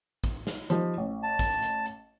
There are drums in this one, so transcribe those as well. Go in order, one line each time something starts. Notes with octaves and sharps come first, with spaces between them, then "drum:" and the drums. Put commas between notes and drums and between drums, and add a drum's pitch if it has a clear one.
drum: kick, hi-hat
drum: snare
F3 G3 D#4, drum: hi-hat
A1
A5
drum: kick, hi-hat
drum: hi-hat
drum: hi-hat